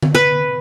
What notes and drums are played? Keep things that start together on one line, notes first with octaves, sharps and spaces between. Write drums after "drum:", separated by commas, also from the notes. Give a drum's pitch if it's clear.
drum: tom D3
B4